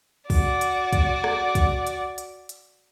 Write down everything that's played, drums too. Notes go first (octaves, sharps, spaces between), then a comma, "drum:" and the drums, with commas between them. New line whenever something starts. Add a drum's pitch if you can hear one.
F#4 D5, drum: kick, open hi-hat
drum: hi-hat
drum: kick, hi-hat
drum: rim click
drum: kick, hi-hat
drum: hi-hat
drum: hi-hat
drum: hi-hat